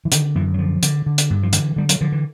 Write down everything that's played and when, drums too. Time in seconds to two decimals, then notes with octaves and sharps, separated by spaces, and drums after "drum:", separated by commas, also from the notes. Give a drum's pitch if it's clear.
0.05 E3
0.12 D3 D#3, drum: hi-hat
0.35 F#2 E3
0.54 F#3
0.59 D3 F3
0.83 D3, drum: hi-hat
1.06 D3
1.18 drum: hi-hat
1.30 G2
1.43 F3
1.53 D3 E3, drum: hi-hat
1.76 D3 G3
1.89 F#3, drum: hi-hat
2.01 D3 F3
2.12 E3